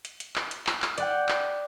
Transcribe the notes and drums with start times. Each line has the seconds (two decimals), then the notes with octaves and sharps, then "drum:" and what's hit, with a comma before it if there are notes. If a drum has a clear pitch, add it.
0.05 drum: hi-hat
0.20 drum: hi-hat
0.36 drum: clap
0.51 drum: hi-hat
0.67 drum: clap
0.82 drum: clap
0.98 D5 F#5 G5, drum: hi-hat
1.29 drum: clap